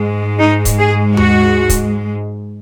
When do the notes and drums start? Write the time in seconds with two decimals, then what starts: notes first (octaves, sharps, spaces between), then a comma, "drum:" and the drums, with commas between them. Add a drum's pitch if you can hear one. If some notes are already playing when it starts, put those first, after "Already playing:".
Already playing: G#2 G#3
0.39 D#4
0.65 drum: kick, hi-hat
0.79 G#4
1.17 F#4, drum: tom D#2
1.70 drum: kick, hi-hat